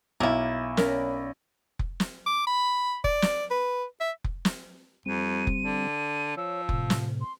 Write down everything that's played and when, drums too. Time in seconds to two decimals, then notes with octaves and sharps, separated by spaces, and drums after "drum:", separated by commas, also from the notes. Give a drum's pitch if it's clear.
0.20 B1 A#3 E4
0.77 C#4 A#4 D5 B5, drum: snare
1.79 drum: kick F1
2.00 drum: snare
2.26 D6
2.47 B5
3.04 D5, drum: kick F1
3.22 drum: snare
3.51 B4
4.00 E5
4.24 drum: kick F1
4.45 drum: snare
5.06 F2 G3 C4 D#7
5.47 drum: kick F1
5.62 D3
6.37 F3 C#5 E6
6.69 A2 C3, drum: kick F1
6.90 drum: snare
7.21 C6